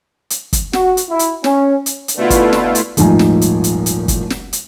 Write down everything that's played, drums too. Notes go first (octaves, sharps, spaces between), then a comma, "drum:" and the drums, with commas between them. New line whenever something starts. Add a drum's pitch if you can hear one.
drum: hi-hat
drum: kick, hi-hat
F#4, drum: snare
drum: hi-hat
E4
drum: hi-hat
C#4, drum: snare
drum: hi-hat
drum: hi-hat
B2 D3 A3 E4 F4 B4
drum: kick, hi-hat
drum: snare
drum: hi-hat
D#1 G#1 A2 F3 D#4 G#5, drum: hi-hat
drum: snare
drum: hi-hat
drum: hi-hat
drum: hi-hat
drum: kick, hi-hat
drum: snare
drum: hi-hat